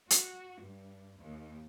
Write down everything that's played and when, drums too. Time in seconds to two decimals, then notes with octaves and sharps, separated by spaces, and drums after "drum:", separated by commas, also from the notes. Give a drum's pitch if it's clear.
0.10 F#4, drum: hi-hat
0.63 G2
1.22 D#2